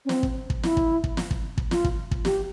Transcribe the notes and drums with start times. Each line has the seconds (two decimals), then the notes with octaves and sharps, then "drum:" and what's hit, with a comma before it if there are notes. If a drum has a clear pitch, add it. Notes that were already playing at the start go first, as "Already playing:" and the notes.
0.05 C#4
0.09 C4, drum: snare
0.23 drum: kick
0.50 drum: kick
0.63 E4, drum: snare
0.77 drum: kick
1.04 drum: kick
1.17 drum: snare
1.31 drum: kick
1.58 drum: kick
1.71 F4, drum: snare
1.84 drum: kick
2.11 drum: kick
2.25 G4, drum: snare